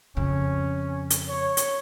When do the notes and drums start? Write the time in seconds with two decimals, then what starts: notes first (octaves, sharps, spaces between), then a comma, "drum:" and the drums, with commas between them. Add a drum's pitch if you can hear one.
0.17 F2 C#3 C#4
1.10 drum: hi-hat
1.29 C#5
1.57 drum: hi-hat